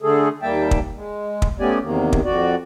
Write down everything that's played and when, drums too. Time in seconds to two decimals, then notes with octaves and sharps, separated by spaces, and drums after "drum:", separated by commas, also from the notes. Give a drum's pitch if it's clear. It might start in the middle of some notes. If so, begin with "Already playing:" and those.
0.02 D3 A3 G#4 A4
0.43 D#2 G3 A#3 E5 G5 A5
0.71 drum: kick
0.95 G#3
1.42 drum: kick
1.60 A3 B3 C#4 G4 D5 G#5
1.83 E2 C3 D#3 A#3
2.13 drum: kick
2.25 F2 F#4 D5